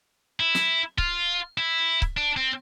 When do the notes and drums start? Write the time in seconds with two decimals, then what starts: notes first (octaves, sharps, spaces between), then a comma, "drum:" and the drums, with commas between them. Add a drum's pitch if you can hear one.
0.40 E4
0.55 drum: snare
0.98 F4, drum: kick C#1
1.58 E4
2.02 drum: kick C#1
2.17 D4
2.37 C4